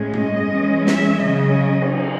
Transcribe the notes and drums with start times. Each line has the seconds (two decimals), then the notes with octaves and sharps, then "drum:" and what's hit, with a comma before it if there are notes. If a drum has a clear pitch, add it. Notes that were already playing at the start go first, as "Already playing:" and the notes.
Already playing: A2 G#3 C#4
0.13 D#5, drum: tom
0.50 E3 G#3 C#4
0.87 E5, drum: snare
1.23 C#3 F#3 C#4 D#5
1.82 drum: cymbal